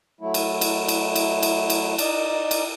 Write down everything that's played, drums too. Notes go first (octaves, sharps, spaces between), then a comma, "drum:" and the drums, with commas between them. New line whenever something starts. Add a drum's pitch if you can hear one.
F#3 A3 E4
drum: cymbal
drum: cymbal
drum: cymbal
drum: cymbal
drum: cymbal
drum: cymbal
D#4 D5 D#5, drum: cymbal
drum: cymbal